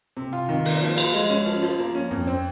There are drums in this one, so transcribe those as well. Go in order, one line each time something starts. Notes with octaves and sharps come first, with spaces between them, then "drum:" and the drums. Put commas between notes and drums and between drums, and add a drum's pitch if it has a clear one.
C3
F4
D#3
A#3, drum: open hi-hat
F3
F4, drum: cymbal
G#3
C#4
F3
F3
A#3
C#4
F2
C4